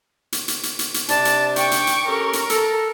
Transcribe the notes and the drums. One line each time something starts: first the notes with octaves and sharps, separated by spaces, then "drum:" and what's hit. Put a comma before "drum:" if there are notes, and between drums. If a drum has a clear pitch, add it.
drum: hi-hat
drum: hi-hat
drum: hi-hat
drum: hi-hat
drum: hi-hat
C3 D4 A5, drum: hi-hat
drum: hi-hat
G5 C#6 D6, drum: hi-hat
drum: hi-hat
drum: hi-hat
C#4 G4 A4 A#4
drum: hi-hat
A4, drum: hi-hat